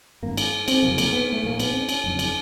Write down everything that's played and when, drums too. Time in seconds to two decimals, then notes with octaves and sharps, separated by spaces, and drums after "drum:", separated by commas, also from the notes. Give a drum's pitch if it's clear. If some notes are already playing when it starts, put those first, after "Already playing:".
0.23 G#1 G2 D3 A#3
0.37 drum: cymbal
0.68 C4, drum: cymbal
0.83 F#1 F2 C3 A#3
0.98 A#3, drum: cymbal
1.13 B3
1.32 A3
1.43 A#1 A2 A#3
1.60 B3, drum: cymbal
1.74 C4
1.82 D4
1.89 C#4, drum: cymbal
2.04 F#1 F2 D3
2.19 drum: cymbal